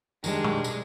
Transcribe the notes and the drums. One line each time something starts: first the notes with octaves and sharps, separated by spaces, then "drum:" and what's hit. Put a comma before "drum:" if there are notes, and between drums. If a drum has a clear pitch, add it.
D#3 G3 G#3 D4, drum: tambourine
drum: tom B2
drum: tambourine